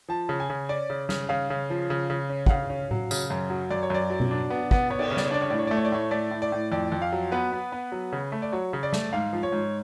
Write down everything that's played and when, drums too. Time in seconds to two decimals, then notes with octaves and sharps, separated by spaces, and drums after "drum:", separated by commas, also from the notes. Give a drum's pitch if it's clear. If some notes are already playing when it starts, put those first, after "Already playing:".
0.09 F3 A5
0.29 C#3
0.40 G#5
0.50 C#3
0.69 C#4 D5
0.90 C#3
1.09 C#3, drum: snare
1.29 C#3 F5
1.50 C#3
1.70 F3
1.90 C#3
2.10 C#3
2.29 C#4
2.46 F#5, drum: kick
2.49 C#3 F5
2.70 C#4
2.91 F#3, drum: tom A2
3.11 C#3, drum: tambourine
3.30 F#2
3.50 F#3
3.71 F#2 D5
3.83 C#5
3.90 F#2 D5
4.10 F#3
4.20 drum: tom B2
4.31 D4
4.50 B3
4.71 B3, drum: kick
4.90 B3 C#5
4.99 D5, drum: cymbal
5.08 C#3 C#5
5.17 D5, drum: snare
5.25 C#5
5.31 D4 D5
5.42 C#5
5.50 A2 D5
5.59 C#5
5.67 D5
5.71 A3
5.77 C#5
5.85 D5
5.92 A2 C#5
6.11 A3 D5
6.31 A2
6.42 D5
6.52 A2
6.72 F2 D5
6.92 F2
7.02 F5
7.13 F#3
7.32 B3 B4
7.52 B3
7.72 B3
7.92 F#3
8.13 C#3
8.32 A3
8.42 D5
8.52 F#3 C#5
8.73 C#3
8.83 D5
8.93 A3, drum: snare
9.13 G#2 F5
9.33 F3
9.43 C#5
9.52 G#2